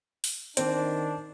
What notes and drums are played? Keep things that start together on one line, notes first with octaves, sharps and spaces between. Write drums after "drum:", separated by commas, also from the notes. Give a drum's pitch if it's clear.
drum: open hi-hat
D#3 C4 D4, drum: hi-hat